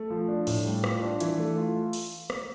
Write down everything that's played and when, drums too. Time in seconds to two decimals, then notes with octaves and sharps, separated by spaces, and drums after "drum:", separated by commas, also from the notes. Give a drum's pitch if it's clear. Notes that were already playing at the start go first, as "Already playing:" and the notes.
Already playing: A3
0.10 F3
0.28 D4
0.47 A2, drum: open hi-hat
0.65 G3
0.84 F4, drum: rim click
1.02 D4
1.20 E3, drum: hi-hat
1.38 A3
1.57 F4
1.93 drum: open hi-hat
2.30 drum: rim click